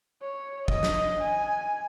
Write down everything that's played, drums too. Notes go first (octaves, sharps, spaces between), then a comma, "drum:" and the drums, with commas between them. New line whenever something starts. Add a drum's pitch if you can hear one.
C#5
D#5, drum: kick
drum: snare
G#5